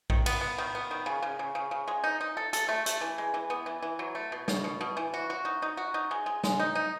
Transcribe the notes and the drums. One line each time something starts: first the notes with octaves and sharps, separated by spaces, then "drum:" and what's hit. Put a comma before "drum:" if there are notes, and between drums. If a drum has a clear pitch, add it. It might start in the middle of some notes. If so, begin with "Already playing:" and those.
D#3, drum: kick A#1
B3, drum: cymbal
B3
D#3
B3
D#3
C#3
C#3
C#3
C#3
C#3
G#3
D#4
D#4
A4
A4, drum: hi-hat
A3
A3, drum: hi-hat
E3
G#3
E3
B3
E3
E3
F#3
A3
B2
B2, drum: snare
B2
B2
E3
F#4
F#4
D#4
D#4
F#4
D#4
G#3
G#3
G#3, drum: snare
D#4
D#4